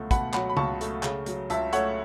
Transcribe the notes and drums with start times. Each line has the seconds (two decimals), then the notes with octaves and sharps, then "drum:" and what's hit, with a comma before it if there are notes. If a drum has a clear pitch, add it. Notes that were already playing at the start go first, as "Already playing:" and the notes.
Already playing: C#2 B2 F#3 A3 F#5
0.11 B2 F#5 B5, drum: kick, hi-hat
0.34 F#3 F#5 B5, drum: clap
0.50 B5
0.57 C#2 A5 C#6, drum: tom C#3
0.81 A3, drum: hi-hat
1.03 C#3, drum: clap
1.26 F#3, drum: hi-hat
1.50 C#2 E5 A5, drum: hi-hat
1.73 A3 C#5 F#5, drum: hi-hat